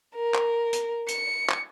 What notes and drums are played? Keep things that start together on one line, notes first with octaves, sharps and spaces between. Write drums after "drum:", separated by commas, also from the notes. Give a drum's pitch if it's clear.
A#4
drum: clap
drum: hi-hat
C#7, drum: hi-hat
drum: clap